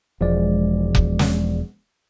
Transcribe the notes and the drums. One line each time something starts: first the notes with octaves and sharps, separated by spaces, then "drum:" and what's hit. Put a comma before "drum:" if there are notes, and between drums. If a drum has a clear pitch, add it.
E1 F3 G#3 D5
drum: kick F1
drum: snare